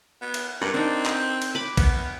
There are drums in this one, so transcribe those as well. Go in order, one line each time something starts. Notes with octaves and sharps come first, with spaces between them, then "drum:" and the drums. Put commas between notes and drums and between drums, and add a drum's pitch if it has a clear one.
B3
drum: cymbal
G2 A#4 F#5
C4 D4 D#4
drum: clap
drum: cymbal
B5 D6
B3, drum: kick B1, cymbal